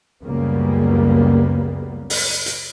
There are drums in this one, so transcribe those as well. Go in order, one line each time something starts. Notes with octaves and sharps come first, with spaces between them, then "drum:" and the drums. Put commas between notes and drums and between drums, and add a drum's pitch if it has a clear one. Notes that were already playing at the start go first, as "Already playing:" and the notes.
C#2 F#2 C#3 G3 A#3 B3
drum: open hi-hat
drum: hi-hat